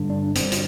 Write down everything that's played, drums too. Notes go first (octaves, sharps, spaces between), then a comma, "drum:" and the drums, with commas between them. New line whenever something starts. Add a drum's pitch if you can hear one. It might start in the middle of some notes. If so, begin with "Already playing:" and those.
Already playing: G2 D3
D4
G2 D3 C4, drum: hi-hat
drum: hi-hat